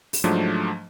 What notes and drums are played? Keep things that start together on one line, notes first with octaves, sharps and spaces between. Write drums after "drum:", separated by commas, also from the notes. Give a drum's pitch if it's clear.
drum: open hi-hat
G#2 F3 F#3 A3 D4